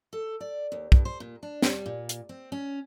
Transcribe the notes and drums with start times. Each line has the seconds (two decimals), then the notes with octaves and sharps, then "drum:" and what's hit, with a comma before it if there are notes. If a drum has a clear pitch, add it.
0.13 A4
0.40 D5
0.72 D#2
0.92 G2, drum: kick
1.05 C5
1.20 A#2
1.43 D4
1.62 G3, drum: snare
1.86 A#2
2.09 drum: hi-hat
2.29 C4
2.52 C#4